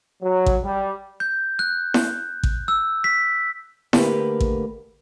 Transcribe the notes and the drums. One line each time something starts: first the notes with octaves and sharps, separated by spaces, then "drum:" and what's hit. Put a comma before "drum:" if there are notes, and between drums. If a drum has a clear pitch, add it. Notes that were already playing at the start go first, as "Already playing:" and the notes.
F#3
drum: kick A1
G3
G6
F#6
drum: snare E4
drum: kick A1
E6
B6
D3 A3 A#3 G4 A#4 B4, drum: snare E4
drum: kick A1